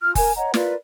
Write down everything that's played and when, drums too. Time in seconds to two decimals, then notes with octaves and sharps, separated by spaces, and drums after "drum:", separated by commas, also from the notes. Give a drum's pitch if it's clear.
0.01 F4 F6
0.15 A#4 G#5, drum: kick F#1, open hi-hat
0.37 C#5 D#5 F#5 A#5
0.54 F4 A#4 B4 D5, drum: snare